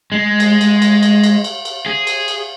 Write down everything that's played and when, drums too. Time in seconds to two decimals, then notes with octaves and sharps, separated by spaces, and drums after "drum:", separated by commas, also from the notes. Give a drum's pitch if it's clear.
0.12 G#3
0.40 drum: cymbal
0.61 drum: cymbal
0.82 drum: cymbal
1.03 drum: cymbal
1.23 drum: cymbal
1.44 drum: cymbal
1.65 drum: cymbal
1.86 G#4
2.07 drum: cymbal
2.28 drum: cymbal